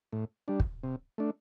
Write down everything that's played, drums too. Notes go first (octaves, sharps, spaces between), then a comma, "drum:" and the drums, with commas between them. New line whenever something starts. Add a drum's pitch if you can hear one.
A2
G3 D4
drum: kick
C3
A3 D4